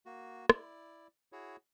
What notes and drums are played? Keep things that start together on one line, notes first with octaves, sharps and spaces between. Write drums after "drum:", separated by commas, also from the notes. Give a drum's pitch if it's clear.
A#3 F#4
E4 D5, drum: rim click
E4 F#4 G#4 C#5